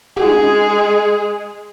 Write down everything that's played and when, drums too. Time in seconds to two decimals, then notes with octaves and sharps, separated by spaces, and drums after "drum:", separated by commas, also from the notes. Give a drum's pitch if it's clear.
0.17 G#3 G#4, drum: tom